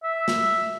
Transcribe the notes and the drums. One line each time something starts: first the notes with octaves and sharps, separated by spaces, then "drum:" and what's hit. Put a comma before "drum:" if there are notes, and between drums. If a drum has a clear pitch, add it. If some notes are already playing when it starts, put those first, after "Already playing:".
E5
drum: snare